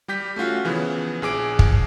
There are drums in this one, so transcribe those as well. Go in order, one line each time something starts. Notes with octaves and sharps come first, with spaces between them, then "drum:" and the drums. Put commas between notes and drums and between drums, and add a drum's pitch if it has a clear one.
G3 G4 G6 B6
A3 C#4 F4 F#4
C#3 E3 F3 B3
A#1 G#4 D6 D7
drum: kick